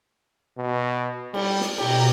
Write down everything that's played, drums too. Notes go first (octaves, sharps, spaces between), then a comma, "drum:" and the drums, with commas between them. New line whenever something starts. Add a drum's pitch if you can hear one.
B2
G3, drum: cymbal
drum: snare
B2 G4 A#5, drum: cymbal